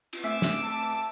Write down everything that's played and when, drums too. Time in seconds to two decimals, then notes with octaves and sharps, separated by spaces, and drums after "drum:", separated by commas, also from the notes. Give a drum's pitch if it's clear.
0.13 drum: cymbal
0.24 A3 C4 E5 G#5 D6 E6
0.42 drum: snare
0.64 A5